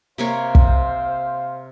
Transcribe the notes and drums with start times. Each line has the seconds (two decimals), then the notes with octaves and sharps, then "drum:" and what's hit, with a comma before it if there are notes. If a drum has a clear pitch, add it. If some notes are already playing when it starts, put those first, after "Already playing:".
0.18 C3 A#3 C5 C#5 F5
0.55 drum: kick